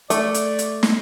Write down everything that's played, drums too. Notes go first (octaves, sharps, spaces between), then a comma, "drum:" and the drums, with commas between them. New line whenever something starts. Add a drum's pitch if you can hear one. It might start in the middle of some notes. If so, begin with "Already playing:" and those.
A3 D5, drum: hi-hat
drum: hi-hat
drum: hi-hat
drum: snare